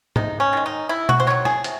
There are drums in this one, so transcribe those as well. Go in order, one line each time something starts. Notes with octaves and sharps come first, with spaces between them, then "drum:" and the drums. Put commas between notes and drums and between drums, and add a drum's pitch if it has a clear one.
C3 D#4, drum: tom G#2
C#4
D#3 G#3
D#4
C3 E4
F#4, drum: tom B2
C5
D#3 F#3 C#5
G#4, drum: rim click
C3, drum: hi-hat